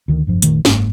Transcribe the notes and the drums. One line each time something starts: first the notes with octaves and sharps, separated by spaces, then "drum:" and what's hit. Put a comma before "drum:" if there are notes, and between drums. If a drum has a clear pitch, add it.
D2 D#3
F1 G2 F3
F1 A#2 D#3 A3, drum: hi-hat
F#1 G#2 A#3, drum: snare